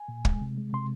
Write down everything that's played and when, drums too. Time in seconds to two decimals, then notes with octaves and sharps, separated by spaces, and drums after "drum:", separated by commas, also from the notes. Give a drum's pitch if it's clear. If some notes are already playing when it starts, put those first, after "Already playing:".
Already playing: G#5
0.08 A#2
0.25 G#3, drum: kick
0.42 C3
0.57 G#3
0.73 C3 C6